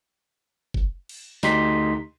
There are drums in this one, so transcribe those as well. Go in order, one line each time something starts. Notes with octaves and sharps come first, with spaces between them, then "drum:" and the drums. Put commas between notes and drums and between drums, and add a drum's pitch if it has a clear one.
drum: kick
drum: cymbal
D2 D#4 G4 C6 B6, drum: snare